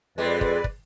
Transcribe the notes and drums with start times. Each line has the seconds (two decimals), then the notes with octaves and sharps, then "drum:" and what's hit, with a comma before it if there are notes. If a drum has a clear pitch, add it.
0.18 F2 G#3 C4 B4 D5
0.41 drum: kick
0.64 drum: kick